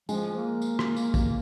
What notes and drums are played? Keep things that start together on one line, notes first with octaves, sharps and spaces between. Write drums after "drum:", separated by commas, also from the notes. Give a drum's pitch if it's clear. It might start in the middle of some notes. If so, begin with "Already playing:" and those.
F3 G#3, drum: tambourine
A#3
drum: tambourine
drum: rim click
drum: tambourine
drum: kick, tambourine